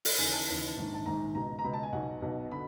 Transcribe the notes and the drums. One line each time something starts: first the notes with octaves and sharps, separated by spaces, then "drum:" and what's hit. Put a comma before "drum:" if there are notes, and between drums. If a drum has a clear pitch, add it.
drum: open hi-hat
D#2 C#3 E3 G#5
A5
D#2 C#3 E3 A5
A#1 G#2 D#3
A5
A#1 G#2 D#3 A#5
C#2 B2 A#5
A#5
C#2 B2 B5
A5
G#5
B1 B2 F#5
B1 B2
D3 B5